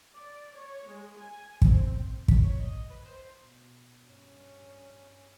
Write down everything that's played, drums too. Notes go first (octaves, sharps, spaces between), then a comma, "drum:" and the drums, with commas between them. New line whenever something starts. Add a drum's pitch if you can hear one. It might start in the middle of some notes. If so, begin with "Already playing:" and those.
D5
C#5
G#3
G#5
C4, drum: kick
B6, drum: kick
C#5
D#5
B4
C5
B2
G2 C#4